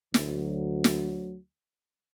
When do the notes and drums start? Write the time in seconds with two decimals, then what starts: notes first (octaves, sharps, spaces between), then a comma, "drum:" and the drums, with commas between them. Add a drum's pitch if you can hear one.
0.14 D2 F#3, drum: snare
0.84 drum: snare